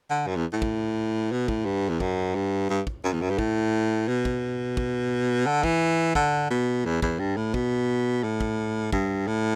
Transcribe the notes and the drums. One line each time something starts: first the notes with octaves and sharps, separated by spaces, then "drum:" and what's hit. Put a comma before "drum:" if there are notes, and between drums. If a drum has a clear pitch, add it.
D3
F#2
E2
A2
drum: kick
B2
A2, drum: kick
G2
E2
F#2, drum: kick
G2
G2
drum: kick
F#2
E2
F#2
G2
A2, drum: kick
B2
drum: kick
drum: kick
D3
E3, drum: kick
D3, drum: kick
B2
E2
E2, drum: kick
G2
A2
B2, drum: kick
A2
drum: kick
G2, drum: kick
A2